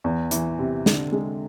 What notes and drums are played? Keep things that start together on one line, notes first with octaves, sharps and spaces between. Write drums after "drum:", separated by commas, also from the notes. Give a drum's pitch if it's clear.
E2
E3, drum: hi-hat
C3
D3, drum: snare
G#3